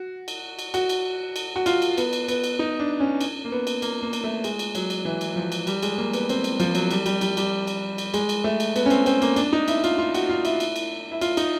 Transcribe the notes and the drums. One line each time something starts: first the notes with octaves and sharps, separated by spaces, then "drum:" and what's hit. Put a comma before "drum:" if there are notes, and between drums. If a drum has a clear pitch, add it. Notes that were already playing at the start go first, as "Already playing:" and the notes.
Already playing: F#4
drum: cymbal
drum: cymbal
F#4, drum: cymbal
drum: cymbal
drum: cymbal
F#4
F4, drum: cymbal
drum: cymbal
B3, drum: cymbal
drum: cymbal
B3, drum: cymbal
drum: cymbal
D#4
D4
C#4
drum: cymbal
A#3
B3
drum: cymbal
A#3, drum: cymbal
A#3
drum: cymbal
A3
G#3, drum: cymbal
drum: cymbal
F#3, drum: cymbal
drum: cymbal
E3
drum: cymbal
F3
drum: cymbal
G3, drum: cymbal
G#3, drum: cymbal
A#3
B3, drum: cymbal
C4, drum: cymbal
drum: cymbal
F3, drum: cymbal
F#3, drum: cymbal
G3, drum: cymbal
G3, drum: cymbal
G3, drum: cymbal
G3, drum: cymbal
drum: cymbal
drum: cymbal
G#3, drum: cymbal
drum: cymbal
A3
drum: cymbal
B3, drum: cymbal
C#4
C4, drum: cymbal
C4, drum: cymbal
A#3, drum: cymbal
D4, drum: cymbal
D#4
E4, drum: cymbal
F4, drum: cymbal
F4
F#4, drum: cymbal
F4
E4, drum: cymbal
drum: cymbal
drum: cymbal
E4
F4, drum: cymbal
D#4, drum: cymbal